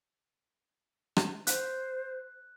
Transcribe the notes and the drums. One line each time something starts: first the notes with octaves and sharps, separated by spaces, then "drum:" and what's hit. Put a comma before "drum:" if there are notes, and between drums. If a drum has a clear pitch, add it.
drum: rim click
C5 F#6, drum: hi-hat